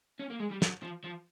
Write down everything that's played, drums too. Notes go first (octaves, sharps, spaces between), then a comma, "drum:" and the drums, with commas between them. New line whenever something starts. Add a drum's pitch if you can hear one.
C#4
A#3
G#3
G3
F#3, drum: snare
F3
F3